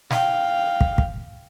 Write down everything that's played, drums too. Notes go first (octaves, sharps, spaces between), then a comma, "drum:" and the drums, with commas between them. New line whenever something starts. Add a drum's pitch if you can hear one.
F5 G5, drum: snare
drum: kick
drum: kick